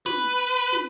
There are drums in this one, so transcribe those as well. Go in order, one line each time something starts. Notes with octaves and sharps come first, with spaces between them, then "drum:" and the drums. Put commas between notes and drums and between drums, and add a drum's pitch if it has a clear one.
B4, drum: snare
drum: snare